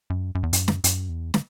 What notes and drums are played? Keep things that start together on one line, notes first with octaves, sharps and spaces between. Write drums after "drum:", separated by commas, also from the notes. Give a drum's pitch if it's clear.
F#2
F#2
E2
F#2, drum: hi-hat
drum: snare
F#2, drum: hi-hat
E2
drum: snare